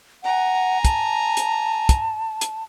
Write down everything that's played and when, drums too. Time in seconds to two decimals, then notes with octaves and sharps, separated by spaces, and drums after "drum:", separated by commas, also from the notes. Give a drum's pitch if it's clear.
0.24 F#5 G#5 A#5
0.85 A5, drum: kick, hi-hat
1.37 drum: hi-hat
1.89 drum: kick, hi-hat
2.41 drum: hi-hat